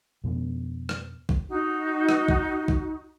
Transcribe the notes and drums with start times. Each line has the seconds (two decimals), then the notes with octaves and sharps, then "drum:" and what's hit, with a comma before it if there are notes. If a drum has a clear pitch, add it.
0.24 F2 B2 B3
0.89 drum: rim click
1.29 drum: kick B1
1.49 D#4 F#4
2.09 drum: rim click
2.28 drum: kick B1
2.68 drum: kick B1